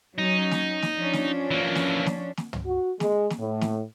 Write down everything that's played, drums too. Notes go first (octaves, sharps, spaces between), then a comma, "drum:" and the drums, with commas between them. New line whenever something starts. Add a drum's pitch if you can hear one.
F#3 C#4 D#4
drum: snare
drum: snare
F3 C#4 D4
drum: snare
E3 A#3
drum: snare
drum: snare
drum: snare
drum: tom
F#4
G#3, drum: snare
drum: snare
A2
drum: snare